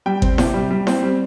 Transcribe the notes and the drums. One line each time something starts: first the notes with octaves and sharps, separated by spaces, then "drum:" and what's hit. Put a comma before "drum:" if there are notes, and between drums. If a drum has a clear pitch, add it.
G3 G5
C4, drum: kick G#1
C3, drum: snare E4
G3
G3
C4, drum: snare E4
G3